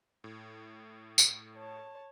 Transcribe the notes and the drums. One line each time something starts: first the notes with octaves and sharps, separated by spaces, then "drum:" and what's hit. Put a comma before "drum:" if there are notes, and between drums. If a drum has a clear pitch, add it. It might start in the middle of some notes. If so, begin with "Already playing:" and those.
A2
drum: tambourine
C#5 A5